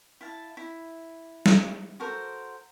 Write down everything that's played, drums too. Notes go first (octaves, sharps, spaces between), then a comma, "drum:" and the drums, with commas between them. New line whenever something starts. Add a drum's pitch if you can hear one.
E4 F5 A5
E4
drum: snare
F#4 A4 A#4 C5